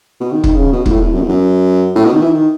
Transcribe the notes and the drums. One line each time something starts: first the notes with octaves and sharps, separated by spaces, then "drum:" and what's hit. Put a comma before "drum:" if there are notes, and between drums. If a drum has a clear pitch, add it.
B2
D#3
D#3, drum: kick
C#3
B2
G#2, drum: kick
A2
E2
F#2
E2
F#2
A2
B2
D#3
E3
D#3